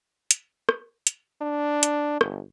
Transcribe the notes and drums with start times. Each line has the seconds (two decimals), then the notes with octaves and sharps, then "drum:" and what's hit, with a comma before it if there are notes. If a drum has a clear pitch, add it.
0.31 drum: hi-hat
0.69 drum: rim click
1.07 drum: hi-hat
1.41 D4
1.83 drum: hi-hat
2.21 G1, drum: rim click